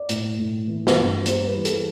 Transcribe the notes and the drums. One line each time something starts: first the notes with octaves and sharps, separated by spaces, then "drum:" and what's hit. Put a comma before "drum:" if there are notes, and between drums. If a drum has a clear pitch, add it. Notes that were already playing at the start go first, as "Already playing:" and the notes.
Already playing: D5
A2, drum: hi-hat
A2
E3
drum: snare
G2
G3 C5, drum: hi-hat
B4
E3
A4, drum: hi-hat